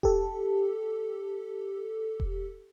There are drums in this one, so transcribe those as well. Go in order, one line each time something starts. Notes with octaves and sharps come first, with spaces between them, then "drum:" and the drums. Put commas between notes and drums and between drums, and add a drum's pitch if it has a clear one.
G4 A4, drum: kick E1
drum: kick E1